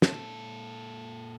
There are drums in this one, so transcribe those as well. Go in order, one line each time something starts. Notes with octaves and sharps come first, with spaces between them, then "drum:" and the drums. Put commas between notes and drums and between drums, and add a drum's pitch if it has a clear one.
A#2 A4, drum: snare